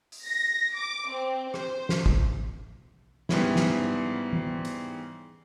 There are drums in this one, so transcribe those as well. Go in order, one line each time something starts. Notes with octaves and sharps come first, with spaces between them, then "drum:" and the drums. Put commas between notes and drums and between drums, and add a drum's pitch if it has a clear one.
drum: open hi-hat
A#6
D6
C4
C5, drum: rim click
drum: snare
drum: kick
G#2 G3 B3 C#4 E4, drum: snare
drum: snare
drum: tom E3
drum: hi-hat